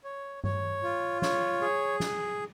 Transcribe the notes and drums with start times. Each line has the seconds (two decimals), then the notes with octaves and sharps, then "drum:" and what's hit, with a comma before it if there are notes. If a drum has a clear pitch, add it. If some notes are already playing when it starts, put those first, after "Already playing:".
0.04 C#5
0.44 C#5, drum: tom G2
0.83 F4
1.22 C#5, drum: snare
1.62 G#4
2.00 drum: snare